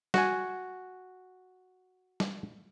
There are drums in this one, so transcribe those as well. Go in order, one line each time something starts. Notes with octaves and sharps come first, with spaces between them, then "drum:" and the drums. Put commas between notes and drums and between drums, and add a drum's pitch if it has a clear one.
F#4 G#5, drum: snare G3
drum: snare G3